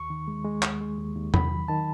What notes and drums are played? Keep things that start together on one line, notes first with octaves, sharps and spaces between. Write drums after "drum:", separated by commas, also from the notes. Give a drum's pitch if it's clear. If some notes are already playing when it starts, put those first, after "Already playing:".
Already playing: D#2 C#6
D#3
G#3
G#3
D#2, drum: clap
G#3
D#2
D#2
F#3 B5, drum: tom E2
D#3
D#3 A5